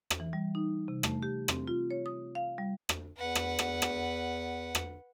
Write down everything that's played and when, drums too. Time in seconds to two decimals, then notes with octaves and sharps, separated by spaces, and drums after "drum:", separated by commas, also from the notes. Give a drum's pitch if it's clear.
0.10 drum: rim click
0.20 E3
0.33 G3
0.55 D#4
0.88 C3
1.03 A3, drum: rim click
1.23 G4
1.48 C4, drum: rim click
1.68 F4
1.91 C#5
2.06 D#6
2.35 F5
2.58 G3
2.89 drum: rim click
3.17 E2 B4 F#5
3.35 drum: rim click
3.59 drum: rim click
3.82 drum: rim click
4.75 drum: rim click